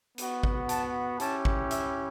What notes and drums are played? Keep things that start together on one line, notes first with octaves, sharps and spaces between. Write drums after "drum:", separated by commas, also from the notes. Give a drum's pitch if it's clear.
B3 F#4, drum: hi-hat
drum: kick
A5, drum: hi-hat
C#4 E4 G4 A5, drum: hi-hat
drum: kick
E5, drum: hi-hat